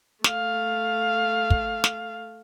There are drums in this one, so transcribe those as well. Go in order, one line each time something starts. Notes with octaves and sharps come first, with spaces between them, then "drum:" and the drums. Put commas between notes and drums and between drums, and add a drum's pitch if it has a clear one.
A3 F5, drum: snare
drum: kick
drum: snare